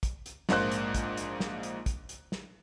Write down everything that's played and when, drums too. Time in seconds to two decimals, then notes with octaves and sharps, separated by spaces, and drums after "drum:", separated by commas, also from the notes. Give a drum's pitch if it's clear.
0.03 drum: kick, hi-hat
0.26 drum: hi-hat
0.49 A#1 G#2 A#3 C5 F#6, drum: snare
0.72 drum: hi-hat
0.94 drum: kick, hi-hat
1.17 drum: hi-hat
1.40 drum: snare
1.63 drum: hi-hat
1.86 drum: kick, hi-hat
2.09 drum: hi-hat
2.32 drum: snare